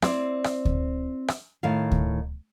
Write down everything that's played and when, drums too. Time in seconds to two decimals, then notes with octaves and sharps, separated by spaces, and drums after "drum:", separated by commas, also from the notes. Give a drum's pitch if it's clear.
0.02 C4 E4 C5 D5, drum: rim click
0.44 drum: rim click
0.65 drum: kick D2
1.28 drum: rim click
1.63 A2 D#3 E4 F5
1.91 drum: kick D2